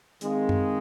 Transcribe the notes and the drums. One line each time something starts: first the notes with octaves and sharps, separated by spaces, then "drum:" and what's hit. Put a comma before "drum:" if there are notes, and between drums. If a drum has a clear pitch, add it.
D#3 G#3 C4 G#4 F5, drum: hi-hat
drum: tom F#2